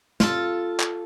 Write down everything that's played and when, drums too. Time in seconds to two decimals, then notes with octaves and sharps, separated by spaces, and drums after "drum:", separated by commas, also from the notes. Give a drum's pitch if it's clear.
0.20 F4 A4, drum: snare
0.80 drum: clap